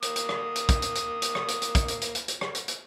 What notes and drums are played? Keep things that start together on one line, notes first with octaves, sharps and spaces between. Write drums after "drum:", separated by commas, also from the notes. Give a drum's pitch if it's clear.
A#3 D#6, drum: hi-hat
drum: hi-hat
drum: rim click
drum: hi-hat
drum: kick, hi-hat
drum: hi-hat
drum: hi-hat
drum: hi-hat
drum: rim click
drum: hi-hat
drum: hi-hat
drum: kick, hi-hat
drum: hi-hat
drum: hi-hat
drum: hi-hat
drum: hi-hat
drum: rim click
drum: hi-hat
drum: hi-hat